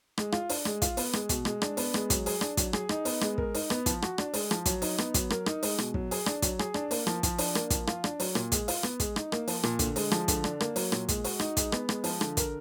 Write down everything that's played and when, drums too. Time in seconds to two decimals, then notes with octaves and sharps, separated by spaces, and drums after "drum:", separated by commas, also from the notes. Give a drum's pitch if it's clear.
0.18 G#3, drum: rim click
0.32 F4, drum: rim click
0.49 D4, drum: open hi-hat
0.65 G#3, drum: rim click
0.82 F4, drum: kick, hi-hat
0.97 B3, drum: open hi-hat
1.13 G#3, drum: rim click
1.29 B2, drum: kick, hi-hat
1.45 G#3, drum: rim click
1.62 D4, drum: rim click
1.77 B3, drum: open hi-hat
1.94 G#3, drum: rim click
2.10 F#3, drum: kick, hi-hat
2.26 G#4, drum: open hi-hat
2.41 D4, drum: rim click
2.57 F#3, drum: kick, hi-hat
2.73 G#4, drum: rim click
2.89 D#4, drum: rim click
3.05 B3, drum: open hi-hat
3.21 G#3, drum: rim click
3.38 A#4, drum: kick
3.54 D#4, drum: open hi-hat
3.70 B3, drum: rim click
3.86 F3, drum: kick, hi-hat
4.02 F#4, drum: rim click
4.18 D4, drum: rim click
4.34 G#3, drum: open hi-hat
4.51 F3, drum: rim click
4.66 F#3, drum: kick, hi-hat
4.82 D#4, drum: open hi-hat
4.98 B3, drum: rim click
5.14 F#3, drum: kick, hi-hat
5.30 A#4, drum: rim click
5.46 D#4, drum: rim click
5.63 G#3, drum: open hi-hat
5.78 B2, drum: rim click
5.94 F#3, drum: kick
6.11 G#4, drum: open hi-hat
6.26 D4, drum: rim click
6.42 F#3, drum: kick, hi-hat
6.59 G#4, drum: rim click
6.74 D4, drum: rim click
6.91 A#3, drum: open hi-hat
7.07 F3, drum: rim click
7.23 F3, drum: kick, hi-hat
7.38 D4, drum: open hi-hat
7.55 A#3, drum: rim click
7.70 F3, drum: kick, hi-hat
7.87 F4, drum: rim click
8.04 D4, drum: rim click
8.20 F#3, drum: open hi-hat
8.35 A#2, drum: rim click
8.52 G#3, drum: kick, hi-hat
8.68 F4, drum: open hi-hat
8.83 B3, drum: rim click
9.00 G#3, drum: kick, hi-hat
9.16 D#4, drum: rim click
9.32 A#3, drum: rim click
9.47 F3, drum: open hi-hat
9.63 A#2, drum: rim click
9.79 D3, drum: kick, hi-hat
9.96 G#3, drum: open hi-hat
10.11 F3, drum: rim click
10.28 D3, drum: kick, hi-hat
10.44 D4, drum: rim click
10.60 A#3, drum: rim click
10.76 F#3, drum: open hi-hat
10.92 A#2, drum: rim click
11.09 G#3, drum: kick, hi-hat
11.24 F#4, drum: open hi-hat
11.40 D#4, drum: rim click
11.57 G#3, drum: kick, hi-hat
11.72 B3, drum: rim click
11.89 G#3, drum: rim click
12.04 F3, drum: open hi-hat
12.21 D3, drum: rim click
12.37 A#4, drum: kick, hi-hat